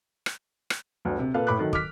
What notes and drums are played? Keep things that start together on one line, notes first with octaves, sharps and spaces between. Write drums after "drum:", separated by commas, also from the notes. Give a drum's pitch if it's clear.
drum: rim click
drum: rim click
G1 D2
C3
A#2 A#3 A4 B4 F5
A2 B5 D6 F#6
D#3 F#3 A4
D6 F6 B6, drum: kick